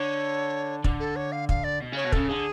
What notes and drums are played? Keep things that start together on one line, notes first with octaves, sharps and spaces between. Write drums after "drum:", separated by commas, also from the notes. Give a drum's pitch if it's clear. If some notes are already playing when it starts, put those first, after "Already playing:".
Already playing: D3 C#5
D3, drum: kick
A4
C#5
F5
F5, drum: kick
D5
B2
C#3 C#5
B2
C#3 A4, drum: kick
D3 G#4